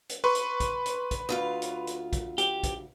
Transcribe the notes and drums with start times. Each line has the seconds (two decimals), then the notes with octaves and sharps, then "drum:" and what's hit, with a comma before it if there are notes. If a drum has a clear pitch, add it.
0.09 drum: hi-hat
0.24 B4 C6 C#6
0.35 drum: hi-hat
0.60 drum: kick A#1, hi-hat
0.86 drum: hi-hat
1.11 drum: kick A#1, hi-hat
1.29 D2 F4 F5
1.62 drum: hi-hat
1.87 drum: hi-hat
2.13 drum: kick A#1, hi-hat
2.38 G4, drum: hi-hat
2.63 drum: kick A#1, hi-hat